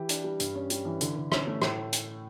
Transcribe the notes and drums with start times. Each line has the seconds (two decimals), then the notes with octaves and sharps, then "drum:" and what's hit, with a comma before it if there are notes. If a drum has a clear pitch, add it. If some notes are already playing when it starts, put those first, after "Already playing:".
Already playing: E3 G4
0.09 D4, drum: hi-hat
0.24 G3
0.40 G2, drum: hi-hat
0.55 C#4
0.70 G3, drum: hi-hat
0.85 E3
1.01 D3, drum: hi-hat
1.16 D3
1.32 C#4, drum: rim click
1.47 A3
1.62 A2, drum: rim click
1.93 drum: hi-hat